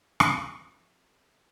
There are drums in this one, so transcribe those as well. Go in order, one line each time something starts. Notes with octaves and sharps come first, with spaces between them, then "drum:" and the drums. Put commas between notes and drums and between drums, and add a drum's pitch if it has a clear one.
C3 F3 A3 F4, drum: rim click